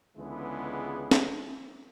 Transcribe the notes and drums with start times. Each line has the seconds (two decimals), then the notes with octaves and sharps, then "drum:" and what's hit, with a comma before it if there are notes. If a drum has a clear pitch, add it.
0.18 C#2 D3 E3 G#3 B3
1.11 drum: snare